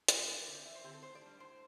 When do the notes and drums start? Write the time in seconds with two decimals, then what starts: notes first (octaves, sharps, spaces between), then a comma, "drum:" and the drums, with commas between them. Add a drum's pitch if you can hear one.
0.08 E3 A3 C4, drum: hi-hat
0.28 E2 D5
0.46 D3 C4 E4
0.65 E2 E5
0.75 C5
0.84 D3 C4 E4 G4
0.93 A4
1.02 A2 C5
1.15 D5
1.21 G3 D4
1.40 A2 C5